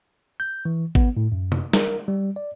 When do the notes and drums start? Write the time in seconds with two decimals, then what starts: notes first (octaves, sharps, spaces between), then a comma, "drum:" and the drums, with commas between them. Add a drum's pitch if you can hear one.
0.40 G6
0.65 E3
0.95 B3, drum: kick G#1
1.17 A2
1.32 F#2
1.52 drum: tom C3
1.73 A#4, drum: snare
2.08 G3
2.36 D5